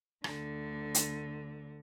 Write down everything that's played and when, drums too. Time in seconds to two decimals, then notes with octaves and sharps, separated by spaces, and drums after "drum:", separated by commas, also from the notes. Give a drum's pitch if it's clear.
0.24 D2 D3, drum: rim click
0.95 drum: hi-hat